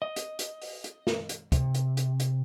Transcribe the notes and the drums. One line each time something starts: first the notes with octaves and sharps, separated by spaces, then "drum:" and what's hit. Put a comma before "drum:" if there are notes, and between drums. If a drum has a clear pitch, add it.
D#5
drum: hi-hat
drum: hi-hat
drum: open hi-hat
drum: hi-hat
drum: snare
drum: hi-hat
C3, drum: kick, hi-hat
drum: hi-hat
drum: hi-hat
drum: hi-hat